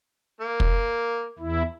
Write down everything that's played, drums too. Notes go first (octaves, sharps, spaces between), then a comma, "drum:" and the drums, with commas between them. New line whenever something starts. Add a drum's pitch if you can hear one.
A#3
drum: kick
E2 E4